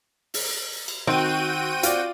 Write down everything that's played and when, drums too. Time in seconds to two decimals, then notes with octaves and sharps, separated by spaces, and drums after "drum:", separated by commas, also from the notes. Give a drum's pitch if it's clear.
0.34 drum: open hi-hat
0.88 drum: cymbal
1.07 D#3 C4 F#4 G5 D#7
1.83 F4 D5, drum: hi-hat